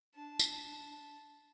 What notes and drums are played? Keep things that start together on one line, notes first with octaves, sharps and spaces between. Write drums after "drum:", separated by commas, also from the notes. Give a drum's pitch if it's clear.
D4 A5
drum: tambourine